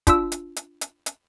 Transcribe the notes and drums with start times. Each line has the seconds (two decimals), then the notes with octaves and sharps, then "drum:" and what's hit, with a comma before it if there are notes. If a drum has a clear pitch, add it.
0.07 D4 F4 E6, drum: kick, hi-hat
0.32 drum: hi-hat
0.56 drum: hi-hat
0.81 drum: hi-hat
1.06 drum: hi-hat